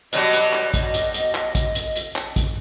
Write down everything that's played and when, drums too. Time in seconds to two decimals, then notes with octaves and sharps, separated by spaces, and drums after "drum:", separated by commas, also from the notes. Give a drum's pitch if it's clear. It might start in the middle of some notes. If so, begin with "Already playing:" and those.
0.13 B2 F#3 G3 D#5, drum: hi-hat
0.33 drum: hi-hat
0.53 drum: clap
0.74 drum: kick, hi-hat
0.94 drum: hi-hat
1.14 drum: hi-hat
1.35 drum: clap
1.55 drum: kick, hi-hat
1.75 drum: hi-hat
1.96 drum: hi-hat
2.16 drum: clap
2.36 drum: kick, hi-hat